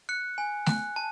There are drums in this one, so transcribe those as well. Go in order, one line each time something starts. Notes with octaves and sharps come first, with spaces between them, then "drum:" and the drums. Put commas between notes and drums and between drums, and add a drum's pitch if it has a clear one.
F#6 C#7
G#5
F#6, drum: snare A3
A5